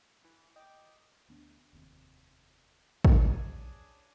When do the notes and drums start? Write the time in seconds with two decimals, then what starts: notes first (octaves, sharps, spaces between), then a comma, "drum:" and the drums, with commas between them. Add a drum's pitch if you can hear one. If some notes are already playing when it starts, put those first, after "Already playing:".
0.25 E3
0.56 D#5 G5 D6
1.29 D2 B3 D4
1.73 F1 D#2 C3
3.05 C#4 D4 G#4, drum: kick